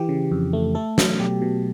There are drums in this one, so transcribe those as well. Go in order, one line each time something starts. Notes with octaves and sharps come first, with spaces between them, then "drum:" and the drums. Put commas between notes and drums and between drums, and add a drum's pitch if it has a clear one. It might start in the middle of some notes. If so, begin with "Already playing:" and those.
Already playing: E3 G4
C#3
F2
A3
A3 A4
F#3, drum: snare
B2 G4
B2